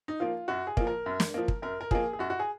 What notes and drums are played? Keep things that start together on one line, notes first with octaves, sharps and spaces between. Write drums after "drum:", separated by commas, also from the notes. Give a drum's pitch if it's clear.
D#4
F3 A#3 F4
F#2 F#4
G#4
F3 A#3, drum: kick
A#4
F#2
drum: snare
F3 A#3
drum: kick
F#2 A#4
A#4
F3 A#3 G#4, drum: kick
G#4
F#2 F#4
F#4
G#4